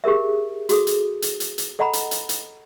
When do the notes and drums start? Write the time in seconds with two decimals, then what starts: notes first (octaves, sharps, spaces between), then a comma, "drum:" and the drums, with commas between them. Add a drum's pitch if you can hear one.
0.04 G4 G#4 A#4 E5
0.69 F#4 G#4 A4 D#6, drum: hi-hat
0.87 drum: hi-hat
1.22 drum: hi-hat
1.40 drum: hi-hat
1.58 drum: hi-hat
1.79 A4 D#5 F#5 A#5 B5
1.93 drum: hi-hat
2.11 drum: hi-hat
2.29 drum: hi-hat